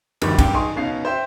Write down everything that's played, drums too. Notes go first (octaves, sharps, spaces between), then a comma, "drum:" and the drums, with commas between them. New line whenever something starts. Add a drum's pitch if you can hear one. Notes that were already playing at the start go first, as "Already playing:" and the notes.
G1 D#2 A#2 D#3 F3 G3, drum: cymbal
G2 A#2 G5, drum: kick, cymbal
D#4 G#4 G#5 C6 C#6
B2 C#4 D#4 F5 C7
C5 E5 G5